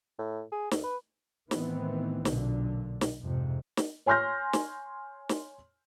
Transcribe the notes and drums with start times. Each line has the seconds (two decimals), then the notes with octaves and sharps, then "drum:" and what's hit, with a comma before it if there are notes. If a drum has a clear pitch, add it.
0.19 A2
0.52 G#4
0.71 D2, drum: snare
0.84 B4
1.51 A2 D#3 E3 B3 C4, drum: snare
2.25 B1 A#2 D3, drum: snare
3.01 drum: snare
3.22 F2 G#2 C3
3.77 drum: snare
4.06 C#5 G#5 C6 F6 G6 A#6
4.53 drum: snare
5.29 drum: snare